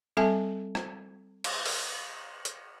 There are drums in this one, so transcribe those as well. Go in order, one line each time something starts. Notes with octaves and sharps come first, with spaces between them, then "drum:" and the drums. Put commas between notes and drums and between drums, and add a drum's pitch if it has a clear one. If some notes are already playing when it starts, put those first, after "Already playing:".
G3 C4 A4 E5 G#5 A5
drum: rim click
drum: cymbal
drum: open hi-hat
drum: hi-hat